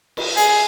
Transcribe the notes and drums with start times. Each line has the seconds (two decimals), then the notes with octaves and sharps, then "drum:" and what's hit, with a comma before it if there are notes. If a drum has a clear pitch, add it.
0.17 drum: cymbal
0.37 G#4, drum: hi-hat